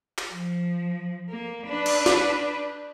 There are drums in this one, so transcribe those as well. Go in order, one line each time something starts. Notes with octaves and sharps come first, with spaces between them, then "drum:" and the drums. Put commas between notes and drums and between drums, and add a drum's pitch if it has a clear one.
drum: clap
F3
A#3
D4 B4
drum: cymbal
drum: snare